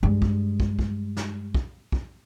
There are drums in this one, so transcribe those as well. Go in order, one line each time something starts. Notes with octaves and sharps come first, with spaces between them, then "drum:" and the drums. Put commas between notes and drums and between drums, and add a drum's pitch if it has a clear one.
G2 G#3
drum: kick
drum: kick
drum: kick
drum: snare
drum: kick
drum: kick